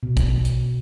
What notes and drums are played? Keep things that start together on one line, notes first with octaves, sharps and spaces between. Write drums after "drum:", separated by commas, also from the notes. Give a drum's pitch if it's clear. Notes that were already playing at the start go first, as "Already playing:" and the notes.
B2
drum: kick, hi-hat
drum: hi-hat